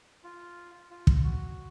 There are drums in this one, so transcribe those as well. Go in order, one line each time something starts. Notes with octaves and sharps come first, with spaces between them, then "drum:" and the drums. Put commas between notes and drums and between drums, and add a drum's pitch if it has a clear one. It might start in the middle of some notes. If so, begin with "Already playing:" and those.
F4
F4
drum: kick
F#4